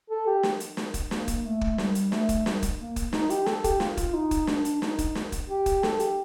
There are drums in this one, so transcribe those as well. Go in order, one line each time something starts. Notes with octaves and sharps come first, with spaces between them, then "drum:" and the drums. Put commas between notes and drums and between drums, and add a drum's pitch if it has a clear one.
A4
G4
drum: snare
drum: hi-hat
drum: snare
drum: kick, hi-hat
A#3, drum: snare
drum: kick, hi-hat
A3
drum: kick
G3, drum: snare
drum: hi-hat
A3, drum: snare
drum: kick, hi-hat
G3, drum: snare
drum: kick, hi-hat
A#3
drum: kick, hi-hat
D#4, drum: snare
G4, drum: hi-hat
A4, drum: snare
G4, drum: kick, hi-hat
F4, drum: snare
drum: kick, hi-hat
D#4
drum: kick, hi-hat
D4, drum: snare
drum: hi-hat
D#4, drum: snare
drum: kick, hi-hat
drum: snare
drum: kick, hi-hat
G4
drum: kick, hi-hat
A4, drum: snare
G4, drum: hi-hat